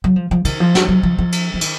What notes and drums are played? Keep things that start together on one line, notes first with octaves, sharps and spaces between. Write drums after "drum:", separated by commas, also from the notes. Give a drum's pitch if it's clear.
F#3
F3
F3
D#3, drum: cymbal
F3
F#3, drum: snare
F#3
F3
F3
drum: cymbal
F3
D#3, drum: cymbal